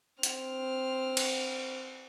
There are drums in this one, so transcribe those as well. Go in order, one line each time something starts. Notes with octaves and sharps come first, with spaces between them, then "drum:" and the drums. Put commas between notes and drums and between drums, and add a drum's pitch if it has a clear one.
C4 F6, drum: hi-hat
drum: cymbal